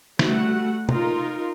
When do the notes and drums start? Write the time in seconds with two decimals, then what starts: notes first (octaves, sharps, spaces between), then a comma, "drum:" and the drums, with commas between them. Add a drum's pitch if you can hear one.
0.19 G3 A3 F#4 F#5, drum: snare
0.89 D#4 F4 A#4, drum: tom